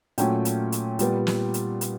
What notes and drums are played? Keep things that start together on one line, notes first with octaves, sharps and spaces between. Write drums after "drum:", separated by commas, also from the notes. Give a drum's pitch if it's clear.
A#2 F#3 A3 C#4 G5, drum: hi-hat
drum: hi-hat
drum: hi-hat
A#2 G3 B3, drum: hi-hat
drum: snare
drum: hi-hat
drum: hi-hat